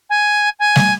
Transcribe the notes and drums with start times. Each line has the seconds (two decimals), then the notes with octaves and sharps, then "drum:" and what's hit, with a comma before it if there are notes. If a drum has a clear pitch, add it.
0.09 G#5
0.59 G#5
0.76 drum: snare G3